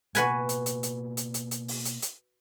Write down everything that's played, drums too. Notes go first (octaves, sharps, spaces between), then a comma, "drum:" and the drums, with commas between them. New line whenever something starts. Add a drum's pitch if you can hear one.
B2 A#3 F#4 B4 G#5, drum: hi-hat
drum: hi-hat
drum: hi-hat
drum: hi-hat
drum: hi-hat
drum: hi-hat
drum: hi-hat
drum: open hi-hat
drum: hi-hat
drum: hi-hat